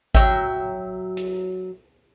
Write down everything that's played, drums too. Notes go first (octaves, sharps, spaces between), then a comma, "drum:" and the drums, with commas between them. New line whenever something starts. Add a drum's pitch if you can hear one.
F#3 E5 G5, drum: kick G#1
drum: hi-hat